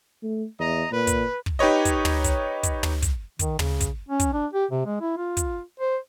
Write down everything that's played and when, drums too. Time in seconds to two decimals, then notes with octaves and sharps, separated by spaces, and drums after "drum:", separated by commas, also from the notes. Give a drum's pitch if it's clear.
0.23 A3
0.59 E2 D#5 A#5
0.91 A#2 B4
1.07 drum: kick, hi-hat
1.46 drum: kick
1.59 D#4 G4 B4 C#5 D#5
1.85 drum: kick, hi-hat
2.05 drum: tom
2.24 drum: kick, hi-hat
2.63 drum: kick, hi-hat
2.83 drum: tom
3.02 drum: kick, hi-hat
3.39 D#3, drum: kick, hi-hat
3.59 C#3, drum: tom
3.81 drum: kick, hi-hat
4.09 C#4
4.20 drum: kick, hi-hat
4.33 D4
4.53 G4
4.71 C3
4.86 G#3
5.01 E4
5.17 F4
5.37 drum: kick, hi-hat
5.80 C5